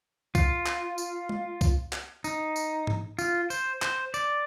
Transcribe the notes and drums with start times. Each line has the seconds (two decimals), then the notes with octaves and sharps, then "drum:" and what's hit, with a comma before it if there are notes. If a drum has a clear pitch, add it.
0.35 F4, drum: kick C2, tambourine
0.66 drum: clap
0.98 drum: tambourine
1.29 drum: tom G#3
1.61 drum: kick C2, tambourine
1.93 drum: clap
2.24 D#4, drum: tambourine
2.56 drum: tambourine
2.87 drum: tom G#2
3.19 F4, drum: tambourine
3.50 C5, drum: tambourine
3.82 C5, drum: clap
4.14 D5, drum: tambourine